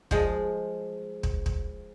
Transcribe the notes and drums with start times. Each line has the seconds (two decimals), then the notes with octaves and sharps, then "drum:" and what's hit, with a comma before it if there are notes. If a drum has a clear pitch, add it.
0.11 F3 G#3, drum: kick
1.23 drum: kick
1.46 drum: kick